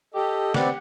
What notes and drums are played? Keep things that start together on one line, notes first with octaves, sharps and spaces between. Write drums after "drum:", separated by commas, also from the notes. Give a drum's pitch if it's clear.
G4 A4 D#5
C4 G4 B4 D5 F#5, drum: snare